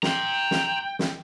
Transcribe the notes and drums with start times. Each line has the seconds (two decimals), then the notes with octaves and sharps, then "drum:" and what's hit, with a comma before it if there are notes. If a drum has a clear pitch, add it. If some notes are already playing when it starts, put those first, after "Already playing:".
0.03 G5 A#5 C6, drum: snare
0.51 drum: snare
0.99 drum: snare